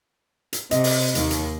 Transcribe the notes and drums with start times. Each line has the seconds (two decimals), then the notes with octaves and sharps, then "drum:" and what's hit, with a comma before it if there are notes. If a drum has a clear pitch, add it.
0.53 drum: hi-hat
0.71 C3 D#5, drum: hi-hat
0.84 drum: open hi-hat
1.15 D#2, drum: hi-hat
1.31 drum: hi-hat